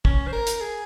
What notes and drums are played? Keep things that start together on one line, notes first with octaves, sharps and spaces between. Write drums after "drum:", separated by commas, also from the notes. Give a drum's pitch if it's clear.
C#4, drum: kick
C5
A#4
drum: hi-hat
G#4